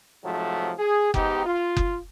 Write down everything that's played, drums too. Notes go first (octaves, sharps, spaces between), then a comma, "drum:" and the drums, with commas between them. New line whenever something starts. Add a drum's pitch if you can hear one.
G#2 C3 F3 F#3 A3
G#4
G#2 B3 D#4 G4, drum: kick F#1
F4
drum: kick F#1